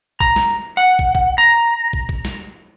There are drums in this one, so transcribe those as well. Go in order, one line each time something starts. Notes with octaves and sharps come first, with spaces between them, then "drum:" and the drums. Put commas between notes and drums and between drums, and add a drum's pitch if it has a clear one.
A#5, drum: kick
drum: snare
F#5
drum: kick
drum: kick
A#5
drum: kick
drum: kick
drum: snare